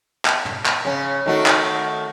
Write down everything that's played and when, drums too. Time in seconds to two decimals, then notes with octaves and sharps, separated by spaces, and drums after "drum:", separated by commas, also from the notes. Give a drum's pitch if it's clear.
0.25 drum: clap
0.45 drum: tom
0.66 drum: clap
0.85 C#3 C#4
1.26 D#3 A3 F#4
1.46 drum: clap